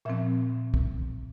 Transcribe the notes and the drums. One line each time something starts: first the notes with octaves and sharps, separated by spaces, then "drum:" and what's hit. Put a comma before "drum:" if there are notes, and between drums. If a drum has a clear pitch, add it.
A#2 F3 C4 E5
drum: kick